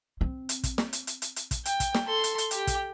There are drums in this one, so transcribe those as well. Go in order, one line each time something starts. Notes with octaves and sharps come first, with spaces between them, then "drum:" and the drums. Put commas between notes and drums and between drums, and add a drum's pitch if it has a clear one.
C4
drum: hi-hat
drum: kick, hi-hat
drum: snare
drum: hi-hat
drum: hi-hat
drum: hi-hat
drum: hi-hat
drum: kick, hi-hat
G5, drum: hi-hat
drum: kick, hi-hat
drum: snare
A4 C6
drum: hi-hat
drum: hi-hat
G4 G5, drum: hi-hat
drum: kick, hi-hat